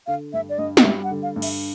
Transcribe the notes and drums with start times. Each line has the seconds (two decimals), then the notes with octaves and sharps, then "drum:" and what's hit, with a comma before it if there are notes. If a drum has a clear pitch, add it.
0.07 D3 F5
0.33 G2 E5
0.49 D5
0.58 G2 D#5
0.77 D#5, drum: snare
0.84 G3 E5
1.04 F#5
1.10 D3
1.23 F5
1.36 G2
1.42 E5, drum: cymbal